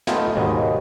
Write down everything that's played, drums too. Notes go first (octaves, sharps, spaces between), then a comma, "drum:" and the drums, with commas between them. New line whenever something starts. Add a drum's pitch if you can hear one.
A3 B3 D#4 F4 G5, drum: snare
D#2 G#2 B2 G#3 D#5 A#5